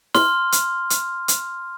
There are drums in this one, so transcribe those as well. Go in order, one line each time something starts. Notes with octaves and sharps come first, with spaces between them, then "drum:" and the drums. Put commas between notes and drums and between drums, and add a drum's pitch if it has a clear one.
C6 F6, drum: snare
drum: hi-hat
drum: hi-hat
drum: hi-hat